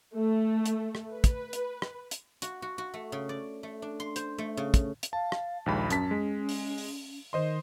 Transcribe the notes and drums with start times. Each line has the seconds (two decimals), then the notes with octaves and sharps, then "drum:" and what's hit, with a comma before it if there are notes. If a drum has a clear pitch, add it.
0.16 A3
0.66 drum: hi-hat
0.95 drum: rim click
1.12 B4
1.24 drum: kick, hi-hat
1.53 drum: hi-hat
1.82 drum: rim click
2.11 drum: hi-hat
2.42 F#4, drum: hi-hat
2.62 F#4
2.78 F#4
2.94 A3
3.12 C#3
3.29 D5
3.63 A3
3.82 D4
4.00 C6
4.16 C5, drum: hi-hat
4.38 A3
4.57 C#3
4.74 drum: kick, hi-hat
5.03 drum: hi-hat
5.13 F5 A5
5.32 drum: rim click
5.66 A#1 D#2 G#3 B5
5.90 F#2 C#4 A5 B6, drum: hi-hat
6.11 G#3
6.49 drum: open hi-hat
6.78 drum: open hi-hat
7.33 D#3 C5 D#5 C6